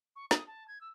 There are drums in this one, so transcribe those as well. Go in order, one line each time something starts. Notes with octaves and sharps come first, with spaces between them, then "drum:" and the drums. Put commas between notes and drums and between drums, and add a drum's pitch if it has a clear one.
C#6
D#6, drum: snare
A5
G#6
E6